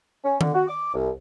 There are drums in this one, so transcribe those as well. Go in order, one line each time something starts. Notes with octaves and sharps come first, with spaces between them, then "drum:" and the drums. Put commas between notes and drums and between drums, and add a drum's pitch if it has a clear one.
C#4
D3, drum: tom D#3
F#4
D6
C2